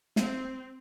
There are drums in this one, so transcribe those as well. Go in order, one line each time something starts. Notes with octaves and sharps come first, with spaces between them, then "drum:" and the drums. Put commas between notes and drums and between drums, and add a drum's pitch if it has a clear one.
C4, drum: snare